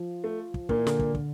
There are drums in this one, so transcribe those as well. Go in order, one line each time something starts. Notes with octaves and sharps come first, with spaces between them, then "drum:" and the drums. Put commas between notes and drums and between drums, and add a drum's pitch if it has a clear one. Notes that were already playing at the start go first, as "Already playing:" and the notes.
Already playing: F3
A3
drum: kick
A#2 D3 A#3, drum: kick
E3
D3, drum: snare
drum: kick
drum: kick